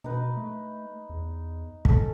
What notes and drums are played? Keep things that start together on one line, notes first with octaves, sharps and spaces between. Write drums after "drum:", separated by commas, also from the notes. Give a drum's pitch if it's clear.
B2 D#4 B4
A3
E2
B1 C#4 A4, drum: kick